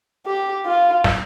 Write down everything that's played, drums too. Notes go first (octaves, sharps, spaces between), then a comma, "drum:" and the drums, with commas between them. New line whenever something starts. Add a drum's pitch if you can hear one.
G4
F4
drum: snare